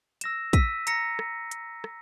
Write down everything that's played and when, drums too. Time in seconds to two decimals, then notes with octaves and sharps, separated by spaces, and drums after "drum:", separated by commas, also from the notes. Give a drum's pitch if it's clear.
0.21 E6 A#6 E7, drum: hi-hat
0.53 E6 B6 D#7, drum: kick, hi-hat
0.87 A#5 E6 A#6 C#7, drum: hi-hat
1.19 drum: rim click
1.51 drum: hi-hat
1.84 drum: rim click